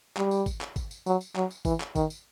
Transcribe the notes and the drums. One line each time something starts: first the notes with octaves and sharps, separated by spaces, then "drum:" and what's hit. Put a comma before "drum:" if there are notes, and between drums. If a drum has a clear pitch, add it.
G3, drum: clap
drum: tambourine
drum: kick G#1, tambourine
drum: clap
drum: kick G#1, tambourine
drum: tambourine
F#3, drum: tambourine
drum: tambourine
F#3, drum: clap
drum: tambourine
E3, drum: kick G#1, tambourine
drum: clap
D#3, drum: kick G#1, tambourine
drum: tambourine